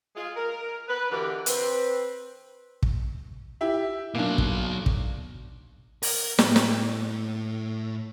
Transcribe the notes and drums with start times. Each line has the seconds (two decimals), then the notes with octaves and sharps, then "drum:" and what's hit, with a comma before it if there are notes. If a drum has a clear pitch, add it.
0.16 G#3 F4 G#4
0.36 A#4
0.88 B4
1.11 B2 D3 E3 D4 G4 A#4
1.46 C4 B4, drum: hi-hat
2.83 drum: kick
3.61 E4 G4 E5
4.15 B2 F#3 A#3 D4
4.38 drum: kick
4.86 drum: kick
6.03 A#4, drum: open hi-hat
6.39 A2, drum: snare
6.56 drum: snare